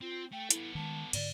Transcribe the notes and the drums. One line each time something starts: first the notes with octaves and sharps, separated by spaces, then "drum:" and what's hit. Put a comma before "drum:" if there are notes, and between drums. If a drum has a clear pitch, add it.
C4 F4
A3 G5
B3 E4 A4, drum: hi-hat
D#3 G#3 A5
G#2 D3 D5, drum: cymbal